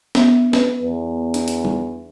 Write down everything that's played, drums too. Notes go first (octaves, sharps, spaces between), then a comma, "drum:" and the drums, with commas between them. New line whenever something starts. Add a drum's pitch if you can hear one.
B3 D4 E5, drum: snare
B4, drum: snare
E2
D4, drum: hi-hat
drum: hi-hat
drum: tom